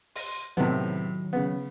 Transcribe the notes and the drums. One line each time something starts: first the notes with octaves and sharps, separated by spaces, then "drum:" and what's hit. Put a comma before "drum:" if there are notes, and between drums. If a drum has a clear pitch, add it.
C6 A#6, drum: open hi-hat
A2 C3 D#3 F#3 B3, drum: hi-hat
C#3 B3